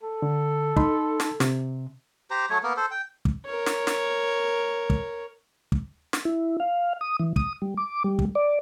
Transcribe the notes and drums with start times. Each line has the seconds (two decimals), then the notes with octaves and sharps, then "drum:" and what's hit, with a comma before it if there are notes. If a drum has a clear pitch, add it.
0.02 A4
0.22 D3
0.76 D#4 B5 C6, drum: kick
1.20 drum: snare
1.40 C3, drum: snare
2.31 G4 C5 A#5
2.50 F#3 A3 C#5
2.63 A#3 B3 A#4
2.77 A4 C5
2.91 G5
3.25 drum: kick
3.46 A#4 C#5
3.66 drum: snare
3.87 drum: snare
4.90 drum: kick
5.72 drum: kick
6.13 drum: snare
6.25 E4
6.60 F5
7.01 D#6
7.19 E3
7.36 D#6, drum: kick
7.62 G3
7.77 D6
8.04 G3
8.19 drum: kick
8.35 D5